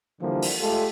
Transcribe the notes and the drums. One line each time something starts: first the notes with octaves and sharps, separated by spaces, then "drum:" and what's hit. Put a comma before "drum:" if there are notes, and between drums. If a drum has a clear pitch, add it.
D3 E3 F3 G3 A#3
drum: open hi-hat
G#3 A3 F4 G4 A4